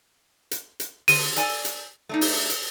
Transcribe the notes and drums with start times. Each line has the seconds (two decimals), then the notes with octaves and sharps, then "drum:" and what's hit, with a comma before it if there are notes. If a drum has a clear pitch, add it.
0.51 drum: hi-hat
0.80 drum: hi-hat
1.08 D3 D#7, drum: open hi-hat
1.36 A4 D5 G#5, drum: hi-hat
1.65 drum: hi-hat
2.09 A3 D4 D#4
2.21 drum: open hi-hat
2.50 drum: hi-hat